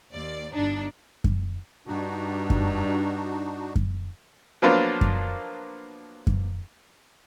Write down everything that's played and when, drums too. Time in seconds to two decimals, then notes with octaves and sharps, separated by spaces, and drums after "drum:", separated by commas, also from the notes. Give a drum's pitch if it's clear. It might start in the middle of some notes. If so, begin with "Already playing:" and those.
0.12 D#2 D5
0.55 G1 G2 D4 D#4
1.24 drum: kick F#2
1.87 G2 D4 D#4 F#4
2.50 drum: kick F#2
3.76 drum: kick F#2
4.62 F3 F#3 A#3 B3 D4 F4
5.01 drum: kick F#2
6.27 drum: kick F#2